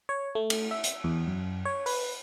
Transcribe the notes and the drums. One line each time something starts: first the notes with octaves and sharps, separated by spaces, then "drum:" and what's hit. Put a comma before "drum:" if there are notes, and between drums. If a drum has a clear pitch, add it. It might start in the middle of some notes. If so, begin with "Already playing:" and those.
C#5
A3
drum: cymbal
E5
drum: hi-hat
E2
F#2
C#5
B4, drum: open hi-hat